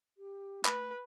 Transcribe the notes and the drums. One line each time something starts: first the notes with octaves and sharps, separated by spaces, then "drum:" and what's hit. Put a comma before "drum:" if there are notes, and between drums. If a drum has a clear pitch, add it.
G4
A3 B4 B5, drum: clap